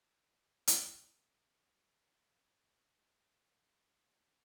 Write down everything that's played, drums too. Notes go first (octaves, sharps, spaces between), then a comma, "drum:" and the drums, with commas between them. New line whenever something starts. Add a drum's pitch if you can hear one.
B2 C#4 F#4 F5
C#5 D#5 G5
drum: hi-hat
C2 C#3 E3 E4 B4
G2 B2
A4 F5
A#3
E3